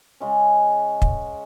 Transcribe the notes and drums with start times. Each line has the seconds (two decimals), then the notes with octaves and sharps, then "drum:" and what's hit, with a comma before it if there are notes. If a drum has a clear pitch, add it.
0.20 C#3 G#3 C#4
1.02 drum: kick